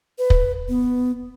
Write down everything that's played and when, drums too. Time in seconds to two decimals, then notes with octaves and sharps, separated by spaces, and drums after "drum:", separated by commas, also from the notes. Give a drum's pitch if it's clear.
0.19 B4
0.30 drum: kick
0.69 B3